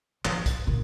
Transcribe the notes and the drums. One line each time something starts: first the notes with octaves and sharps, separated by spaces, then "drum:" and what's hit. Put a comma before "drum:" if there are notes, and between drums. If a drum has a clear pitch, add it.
F3, drum: clap
drum: kick, hi-hat
A#2